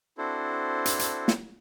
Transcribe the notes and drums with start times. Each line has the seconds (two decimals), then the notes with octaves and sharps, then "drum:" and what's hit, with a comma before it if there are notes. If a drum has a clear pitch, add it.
0.18 C4 D4 E4 F#4 A4 C5
0.85 drum: hi-hat
0.99 drum: hi-hat
1.28 drum: snare